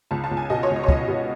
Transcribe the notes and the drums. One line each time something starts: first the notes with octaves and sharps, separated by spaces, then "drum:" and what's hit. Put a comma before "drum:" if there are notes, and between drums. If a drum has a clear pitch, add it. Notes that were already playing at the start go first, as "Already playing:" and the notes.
C#2 A5
A5
C#2
G#5
B2 D#5
C#5
C#2
D#5
C#5
C#2 D#5, drum: kick
B2